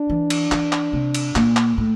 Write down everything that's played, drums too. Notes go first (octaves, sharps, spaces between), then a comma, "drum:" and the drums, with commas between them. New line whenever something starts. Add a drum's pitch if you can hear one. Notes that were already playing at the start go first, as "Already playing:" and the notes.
Already playing: D4
E3
drum: cymbal
E3, drum: clap
drum: clap
C3
drum: cymbal
A#2, drum: clap
drum: clap
A2